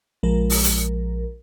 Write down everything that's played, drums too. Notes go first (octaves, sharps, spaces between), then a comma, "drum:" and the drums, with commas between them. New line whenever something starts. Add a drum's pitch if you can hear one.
A#1 F3 G#3 A#4
drum: open hi-hat
drum: hi-hat